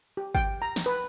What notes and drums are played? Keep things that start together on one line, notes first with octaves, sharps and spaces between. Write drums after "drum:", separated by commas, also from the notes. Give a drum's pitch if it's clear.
G4
G5, drum: kick G#1
A#5
drum: snare
B4